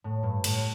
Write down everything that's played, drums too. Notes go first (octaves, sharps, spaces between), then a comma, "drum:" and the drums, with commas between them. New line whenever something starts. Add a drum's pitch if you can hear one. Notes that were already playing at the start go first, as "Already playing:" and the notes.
A2
G2
A2, drum: cymbal